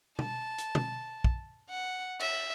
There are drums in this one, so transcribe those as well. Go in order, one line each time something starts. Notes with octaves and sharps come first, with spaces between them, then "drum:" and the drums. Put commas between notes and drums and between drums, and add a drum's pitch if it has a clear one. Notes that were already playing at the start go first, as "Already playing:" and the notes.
A5, drum: tom
drum: hi-hat
drum: tom
drum: kick
F#5
E5, drum: cymbal